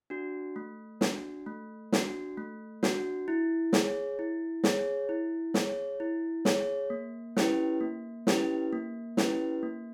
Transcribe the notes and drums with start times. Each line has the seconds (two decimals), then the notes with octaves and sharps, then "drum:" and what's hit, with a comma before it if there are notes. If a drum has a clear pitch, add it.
0.10 D4 F#4
0.56 A3
1.01 D4 F#4, drum: snare
1.46 A3
1.92 D4 F#4, drum: snare
2.38 A3
2.83 D4 F#4, drum: snare
3.28 E4
3.73 G#4 C#5, drum: snare
4.19 E4
4.64 G#4 C#5, drum: snare
5.09 E4
5.54 G#4 C#5, drum: snare
6.00 E4
6.45 G#4 C#5, drum: snare
6.90 A#3
7.37 C#4 E4 G4 B4, drum: snare
7.81 A#3
8.27 C#4 E4 G4 B4, drum: snare
8.73 A#3
9.17 C#4 E4 G4 B4, drum: snare
9.63 A#3